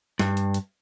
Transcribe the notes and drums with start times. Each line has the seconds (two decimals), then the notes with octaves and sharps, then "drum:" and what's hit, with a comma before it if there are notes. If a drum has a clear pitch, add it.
0.19 G2, drum: snare
0.37 drum: hi-hat
0.54 drum: hi-hat